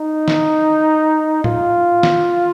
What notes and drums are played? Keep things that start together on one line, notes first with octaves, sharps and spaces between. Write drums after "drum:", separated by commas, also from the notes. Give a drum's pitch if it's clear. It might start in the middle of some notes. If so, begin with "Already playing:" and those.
Already playing: D#4
drum: snare
F4, drum: tom A2
drum: snare